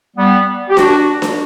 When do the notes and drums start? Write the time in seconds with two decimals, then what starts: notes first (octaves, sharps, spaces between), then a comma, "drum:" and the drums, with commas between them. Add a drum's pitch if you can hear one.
0.17 G3 B3
0.70 G4
0.77 D4 F#4, drum: snare D4
1.22 drum: snare D4